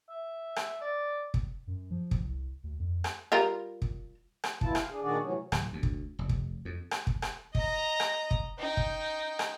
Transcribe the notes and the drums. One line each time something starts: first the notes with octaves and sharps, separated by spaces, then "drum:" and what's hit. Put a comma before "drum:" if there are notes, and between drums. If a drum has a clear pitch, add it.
E5
drum: rim click
D5
drum: kick
F#2
F3
drum: kick
C2
D2
F2
drum: rim click
G3 F4 A#4
drum: kick
drum: rim click
D#2 B2 E3 E4 F4 A5, drum: kick
F5, drum: rim click
D4 G#4
A#2 D#3 D4 F#4 G#4 D5
A2 C3 E3 F#3 C#4
D1, drum: rim click
D2
drum: kick
F1
drum: kick
F2
drum: rim click
drum: kick
drum: rim click
D#5 A#5, drum: kick
drum: rim click
drum: kick
D#4 G5
drum: kick
drum: rim click